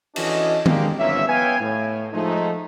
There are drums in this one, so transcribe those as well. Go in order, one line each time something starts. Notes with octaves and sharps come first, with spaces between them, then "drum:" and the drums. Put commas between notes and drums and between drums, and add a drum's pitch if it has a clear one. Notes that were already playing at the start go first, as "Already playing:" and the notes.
E3 C#4 D4 F#4 A4 D#5, drum: cymbal
G#3 A#3 D4 G4, drum: tom D#3
G1 F3 A#3 C#4 D#4 E5
B3 B4 C#5 F5 G5 G#5
A2
F3 G#3 A3 D#4